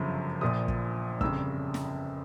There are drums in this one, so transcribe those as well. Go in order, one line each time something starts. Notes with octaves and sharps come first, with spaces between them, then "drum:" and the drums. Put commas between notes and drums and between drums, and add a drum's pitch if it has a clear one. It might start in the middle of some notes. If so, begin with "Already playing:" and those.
Already playing: G1 F#2 C#3 F3
A#1 A#2 F3 D#6
drum: kick
G1 F2 C#3 E6, drum: kick
drum: snare